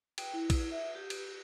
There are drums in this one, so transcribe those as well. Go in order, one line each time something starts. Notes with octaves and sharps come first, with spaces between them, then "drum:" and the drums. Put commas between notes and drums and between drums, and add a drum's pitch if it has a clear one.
G5, drum: cymbal
E4
drum: kick A#1, cymbal
E5
G4
drum: cymbal